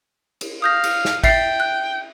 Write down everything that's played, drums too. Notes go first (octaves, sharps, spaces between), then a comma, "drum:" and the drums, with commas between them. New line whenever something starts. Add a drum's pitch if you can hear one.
drum: cymbal
F5 D#6 G6 A#6
drum: cymbal
drum: snare
E5 G5 A6 C7, drum: kick G#1, cymbal
F#6